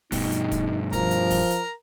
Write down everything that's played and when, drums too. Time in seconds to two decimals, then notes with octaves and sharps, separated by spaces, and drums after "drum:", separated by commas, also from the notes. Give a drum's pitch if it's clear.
0.12 G2 B2 D#4, drum: kick, open hi-hat
0.32 drum: hi-hat
0.51 drum: kick, hi-hat
0.93 F3 A#4 A#5, drum: kick, hi-hat
1.11 drum: hi-hat
1.31 drum: kick, open hi-hat
1.50 drum: hi-hat